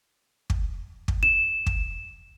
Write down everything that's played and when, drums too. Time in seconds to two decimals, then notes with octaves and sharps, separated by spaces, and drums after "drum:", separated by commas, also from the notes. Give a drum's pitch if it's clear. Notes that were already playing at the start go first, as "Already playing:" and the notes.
0.50 drum: kick
1.08 drum: kick
1.23 E7
1.66 drum: kick